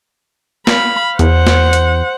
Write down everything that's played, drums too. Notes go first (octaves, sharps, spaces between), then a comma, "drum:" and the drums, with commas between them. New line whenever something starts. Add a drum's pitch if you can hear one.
F5 B5, drum: snare
E2 C5 F#5, drum: hi-hat
drum: snare
drum: hi-hat